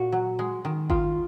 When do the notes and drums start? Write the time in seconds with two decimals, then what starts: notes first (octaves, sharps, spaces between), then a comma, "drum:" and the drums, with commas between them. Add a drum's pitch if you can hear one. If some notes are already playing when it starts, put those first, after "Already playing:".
Already playing: A#2 F#4
0.12 F#3
0.39 G#3
0.65 D#3
0.90 D#3 F4, drum: kick G#1